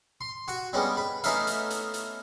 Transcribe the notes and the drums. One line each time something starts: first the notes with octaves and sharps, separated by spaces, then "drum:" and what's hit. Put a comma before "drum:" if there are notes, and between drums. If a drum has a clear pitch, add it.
C6
F#4 F#5 C#6
G3 G#3 B3 C#4 D4
B4
A3 B3 C#4 D#4 E5 F5, drum: hi-hat
drum: hi-hat
drum: hi-hat
drum: hi-hat